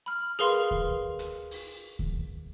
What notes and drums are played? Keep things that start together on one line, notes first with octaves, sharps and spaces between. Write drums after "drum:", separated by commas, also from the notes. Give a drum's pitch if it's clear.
B5 F6
G#4 A#4 B4 F5 C6
drum: kick D2
drum: hi-hat
drum: open hi-hat
drum: kick D2